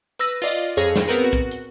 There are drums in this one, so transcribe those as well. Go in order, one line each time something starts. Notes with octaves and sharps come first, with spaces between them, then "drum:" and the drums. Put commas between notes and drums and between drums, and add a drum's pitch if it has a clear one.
B4 E6 A#6, drum: hi-hat
F4 D5 D#5, drum: hi-hat
drum: open hi-hat
F2 G#4 C#5 A#6, drum: hi-hat
drum: snare
B3 C4 A#4 B4
F#4
drum: kick, hi-hat
drum: hi-hat